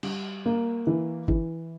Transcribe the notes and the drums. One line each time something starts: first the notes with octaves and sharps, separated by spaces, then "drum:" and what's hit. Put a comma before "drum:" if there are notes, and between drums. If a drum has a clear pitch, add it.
G3, drum: cymbal
A#3
E3
E3, drum: kick